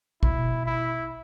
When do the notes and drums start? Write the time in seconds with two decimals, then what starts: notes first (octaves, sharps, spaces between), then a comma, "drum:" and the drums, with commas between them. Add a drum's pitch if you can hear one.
0.23 B2 E4, drum: kick
0.66 E4